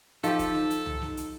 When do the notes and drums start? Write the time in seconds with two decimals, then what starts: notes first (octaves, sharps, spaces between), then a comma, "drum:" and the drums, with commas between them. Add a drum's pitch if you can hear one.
0.24 F3 D#4 G4 A4, drum: hi-hat
0.39 drum: kick, hi-hat
0.55 drum: snare
0.70 drum: hi-hat
0.86 drum: tom C2
1.02 drum: snare
1.17 drum: hi-hat